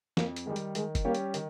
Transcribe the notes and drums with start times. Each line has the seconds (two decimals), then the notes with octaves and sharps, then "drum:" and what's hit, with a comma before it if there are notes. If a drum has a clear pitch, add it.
0.17 F2 A#3, drum: snare
0.36 drum: hi-hat
0.46 D#3 G3 G#3
0.56 drum: hi-hat
0.75 D#3 G#3, drum: hi-hat
0.95 drum: kick, hi-hat
1.05 G3 A#3 C#4 G4 C#5
1.15 drum: hi-hat
1.34 D#3, drum: hi-hat